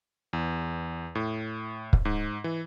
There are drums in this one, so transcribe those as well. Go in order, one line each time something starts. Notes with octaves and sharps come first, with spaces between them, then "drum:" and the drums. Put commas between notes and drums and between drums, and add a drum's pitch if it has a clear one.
E2
A2
drum: kick
G#2
E3